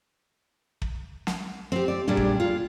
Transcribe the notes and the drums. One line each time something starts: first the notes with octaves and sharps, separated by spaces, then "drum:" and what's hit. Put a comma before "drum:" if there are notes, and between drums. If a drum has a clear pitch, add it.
drum: kick
drum: snare
C4 G4
D5
A#2 G3 G#3 D4
drum: kick
F4